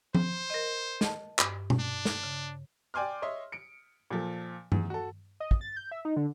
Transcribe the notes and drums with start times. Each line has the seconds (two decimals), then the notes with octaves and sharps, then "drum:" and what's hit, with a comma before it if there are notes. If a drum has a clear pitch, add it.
0.15 C5, drum: tom F3
0.50 A#4 D#5
1.01 D#5 A5, drum: snare
1.39 G2, drum: clap
1.70 drum: tom B2
1.79 D4
2.05 drum: snare
2.23 C#3
2.94 D5 G5 G#5 C6 D6 F6
3.22 C#5 D#5 E5 C6
3.52 C#7 D7
4.10 A#2 F3 A4
4.72 E2, drum: tom G2
4.90 F#4 A4
5.40 D#5
5.51 drum: kick
5.61 A6
5.76 G6
5.92 E5
6.05 D#4
6.17 D3